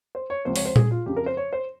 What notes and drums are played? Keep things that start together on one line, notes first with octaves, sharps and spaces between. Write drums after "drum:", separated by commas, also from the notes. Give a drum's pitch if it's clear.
C5
C#5
C#2 C3 F3 C5
C#5, drum: open hi-hat
C5
G#4, drum: tom A#2
F4
F2 C#3 F3 G4
A#4
C5
C#5
C5